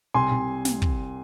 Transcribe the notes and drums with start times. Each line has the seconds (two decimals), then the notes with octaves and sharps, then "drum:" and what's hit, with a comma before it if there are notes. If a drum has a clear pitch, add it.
0.14 C2 G#5 C6
0.31 C2
0.65 drum: snare
0.82 drum: kick